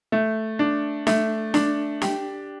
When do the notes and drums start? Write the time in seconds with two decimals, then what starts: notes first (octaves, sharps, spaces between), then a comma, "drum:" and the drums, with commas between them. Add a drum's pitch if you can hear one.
0.12 A3
0.59 D4
1.07 A3, drum: snare
1.54 D4, drum: snare
2.02 G4, drum: snare